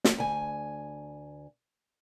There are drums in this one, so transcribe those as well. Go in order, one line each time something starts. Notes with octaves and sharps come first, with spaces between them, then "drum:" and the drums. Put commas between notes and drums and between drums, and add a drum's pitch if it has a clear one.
drum: snare
D2 G#5